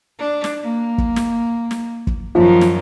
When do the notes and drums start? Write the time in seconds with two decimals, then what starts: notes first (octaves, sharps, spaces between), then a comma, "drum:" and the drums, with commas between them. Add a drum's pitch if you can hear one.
0.18 D4
0.44 drum: snare
0.62 A#3
0.98 drum: kick
1.16 drum: snare
1.71 drum: snare
2.07 drum: kick
2.35 F#2 D#3 F3
2.61 drum: snare